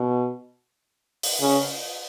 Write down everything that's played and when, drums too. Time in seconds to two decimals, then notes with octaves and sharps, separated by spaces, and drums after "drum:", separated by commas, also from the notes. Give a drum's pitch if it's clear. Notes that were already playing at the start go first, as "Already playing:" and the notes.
Already playing: B2
1.23 drum: open hi-hat
1.41 C#3